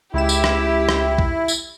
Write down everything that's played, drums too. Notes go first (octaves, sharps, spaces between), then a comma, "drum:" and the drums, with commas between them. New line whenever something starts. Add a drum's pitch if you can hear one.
C#2 E4 G4 E7
drum: tambourine
drum: rim click
drum: rim click
drum: kick B1
drum: tambourine